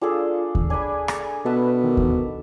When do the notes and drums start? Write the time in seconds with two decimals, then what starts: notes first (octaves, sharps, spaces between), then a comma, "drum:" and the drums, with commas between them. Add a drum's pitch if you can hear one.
0.01 D4 F4 G#4 A4
0.55 drum: kick D#2
0.70 D4 G#5 B5
1.08 drum: rim click
1.45 B2 A4 B4 E5 A5
1.84 D#3
1.97 drum: kick D#2